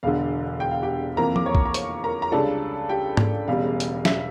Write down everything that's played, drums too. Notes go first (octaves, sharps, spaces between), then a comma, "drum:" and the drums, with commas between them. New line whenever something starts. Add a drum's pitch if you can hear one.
E1 E2 D3 F5
G5
F5
G4 G5
F2 E3 A#3 A#4 A#5
D6, drum: tom
C#5 C#6
drum: kick B1
A#5
C#5 C#6, drum: hi-hat
A#4 A#5
A#5
C#2 C#3 G3 D4 A4 A5
G4 G5
drum: tom G#2
E1 E2 C#3 G3 F5
drum: hi-hat
E5, drum: snare